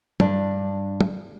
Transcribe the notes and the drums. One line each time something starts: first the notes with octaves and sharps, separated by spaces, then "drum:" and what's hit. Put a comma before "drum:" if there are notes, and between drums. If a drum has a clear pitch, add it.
G2 D4, drum: tom
drum: tom